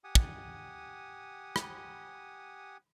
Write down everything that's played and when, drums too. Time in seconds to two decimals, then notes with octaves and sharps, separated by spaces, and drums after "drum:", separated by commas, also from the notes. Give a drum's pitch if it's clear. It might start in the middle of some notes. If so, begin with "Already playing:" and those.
0.04 G4 F#5 G#5 D#6
0.15 drum: kick
1.56 drum: rim click